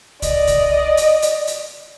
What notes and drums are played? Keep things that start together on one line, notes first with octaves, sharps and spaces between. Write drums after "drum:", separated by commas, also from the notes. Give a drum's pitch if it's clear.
D5 D#5, drum: kick C2, hi-hat
drum: kick C2, hi-hat
drum: hi-hat
drum: hi-hat
drum: hi-hat